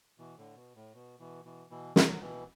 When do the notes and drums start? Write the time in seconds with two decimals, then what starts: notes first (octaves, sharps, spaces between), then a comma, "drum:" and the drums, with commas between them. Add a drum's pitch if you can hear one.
0.18 B2 E3
0.38 A2 D3
0.56 B2
0.76 A2
0.94 B2
1.19 B2 E3
1.45 B2 E3
1.71 B2 E3
1.96 D3 F#3, drum: snare
2.21 B2 E3